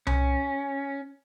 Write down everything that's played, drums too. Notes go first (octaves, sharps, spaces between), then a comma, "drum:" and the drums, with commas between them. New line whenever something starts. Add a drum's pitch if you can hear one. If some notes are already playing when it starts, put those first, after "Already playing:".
C#4, drum: tom C2